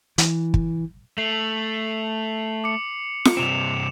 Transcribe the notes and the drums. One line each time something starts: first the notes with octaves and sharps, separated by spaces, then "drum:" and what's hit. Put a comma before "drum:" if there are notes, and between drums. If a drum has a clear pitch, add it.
E3, drum: hi-hat
drum: kick
A3 C7 F7 F#7
D6 C#7
drum: snare F4
G2 C3 C4 E7 F7